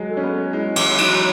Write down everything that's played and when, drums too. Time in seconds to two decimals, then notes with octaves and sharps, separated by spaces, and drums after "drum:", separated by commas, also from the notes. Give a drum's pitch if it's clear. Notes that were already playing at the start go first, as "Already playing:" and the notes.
Already playing: F#3 G#3
0.09 A4
0.17 C#4
0.24 B3
0.53 G#3 E4
0.76 E3, drum: cymbal
0.98 F#3 D#4, drum: cymbal